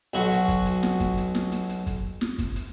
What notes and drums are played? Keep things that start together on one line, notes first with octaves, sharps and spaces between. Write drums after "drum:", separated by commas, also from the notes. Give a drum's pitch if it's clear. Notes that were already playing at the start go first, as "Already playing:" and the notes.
B1 F#4, drum: hi-hat
drum: hi-hat
drum: kick, hi-hat
drum: hi-hat
drum: snare
drum: kick, hi-hat
drum: hi-hat
drum: snare
drum: hi-hat
drum: hi-hat
drum: kick, hi-hat
drum: snare
drum: kick, hi-hat
drum: hi-hat